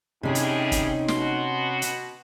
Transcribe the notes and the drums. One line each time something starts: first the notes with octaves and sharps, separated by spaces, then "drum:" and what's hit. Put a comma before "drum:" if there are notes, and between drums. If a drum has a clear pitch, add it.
A2 C3 G3 C#4 D#4 G#4
drum: hi-hat
drum: kick, hi-hat
B2 F#4 C6, drum: snare
drum: hi-hat